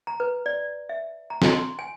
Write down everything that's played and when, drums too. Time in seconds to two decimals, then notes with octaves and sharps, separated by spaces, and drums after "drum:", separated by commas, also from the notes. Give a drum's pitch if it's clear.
0.07 A#5
0.20 B4
0.46 D5
0.89 E5
1.30 A#5
1.42 drum: snare
1.53 C6
1.79 G#5